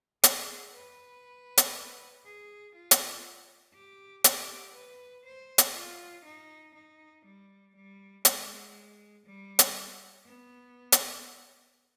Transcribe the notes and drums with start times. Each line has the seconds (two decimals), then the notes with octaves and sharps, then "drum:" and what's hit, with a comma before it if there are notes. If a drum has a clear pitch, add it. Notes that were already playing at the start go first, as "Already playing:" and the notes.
0.23 G#4, drum: hi-hat
0.74 B4
1.57 drum: hi-hat
2.24 G#4
2.75 F4
2.91 drum: hi-hat
3.74 G4
4.24 G4, drum: hi-hat
4.74 B4
5.24 C5
5.58 drum: hi-hat
5.75 F4
6.25 D#4
6.74 D#4
7.25 G3
7.75 G3
8.25 G#3, drum: hi-hat
9.26 G3
9.59 drum: hi-hat
10.26 B3
10.92 drum: hi-hat